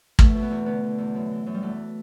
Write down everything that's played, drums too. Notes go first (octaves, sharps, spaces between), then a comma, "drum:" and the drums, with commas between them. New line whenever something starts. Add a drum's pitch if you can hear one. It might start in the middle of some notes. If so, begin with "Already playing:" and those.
B2 A3, drum: kick
B2
B3
E2
D3 B3
D3
E2
F#2
E3
F#2
G3
E2 A3